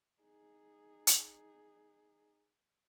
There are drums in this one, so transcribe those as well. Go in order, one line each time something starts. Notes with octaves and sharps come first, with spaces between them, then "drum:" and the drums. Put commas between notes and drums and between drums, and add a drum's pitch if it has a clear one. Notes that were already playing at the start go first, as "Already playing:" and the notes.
D#4 G#4
drum: hi-hat